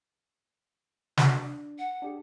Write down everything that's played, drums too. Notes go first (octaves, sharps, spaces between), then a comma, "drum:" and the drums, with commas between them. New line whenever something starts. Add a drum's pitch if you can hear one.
D4 F#4, drum: snare
D4
F#5
D4 G4 G#4